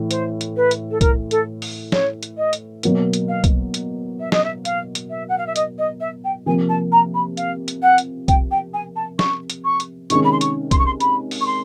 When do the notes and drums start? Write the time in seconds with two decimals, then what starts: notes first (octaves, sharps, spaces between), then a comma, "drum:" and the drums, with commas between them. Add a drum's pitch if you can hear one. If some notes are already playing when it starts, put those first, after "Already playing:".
Already playing: A2 E3
0.11 C5, drum: hi-hat
0.41 drum: hi-hat
0.57 B4
0.71 drum: hi-hat
0.91 A4
1.01 A#4, drum: kick B1, hi-hat
1.31 A4, drum: hi-hat
1.62 drum: open hi-hat
1.92 C#5, drum: snare
2.23 drum: hi-hat
2.37 D#5
2.53 drum: hi-hat
2.83 B2 F#3 A#3, drum: hi-hat
3.13 drum: hi-hat
3.29 F5
3.44 drum: kick B1, hi-hat
3.74 drum: hi-hat
4.20 E5
4.32 D#5, drum: snare
4.44 E5
4.65 F5, drum: hi-hat
4.95 drum: hi-hat
5.10 E5
5.29 F#5
5.38 F5
5.47 E5
5.56 D#5, drum: hi-hat
5.78 D#5
6.01 E5
6.25 G5
6.46 C3 F3 A#3 G#5
6.69 A5
6.92 A#5
7.14 B5
7.37 F5, drum: hi-hat
7.68 drum: hi-hat
7.83 F#5
7.98 drum: hi-hat
8.28 G5, drum: kick B1, hi-hat
8.51 G5
8.74 G#5
8.96 A5
9.19 C#6, drum: snare
9.50 drum: hi-hat
9.65 C#6
9.80 drum: hi-hat
10.10 C3 D#3 G#3 C#4 C#6, drum: hi-hat
10.25 B5
10.32 C6
10.41 C#6, drum: hi-hat
10.71 C6, drum: kick B1, hi-hat
10.79 C#6
10.86 C6
11.00 B5, drum: hi-hat
11.31 drum: open hi-hat
11.41 C#6
11.46 C6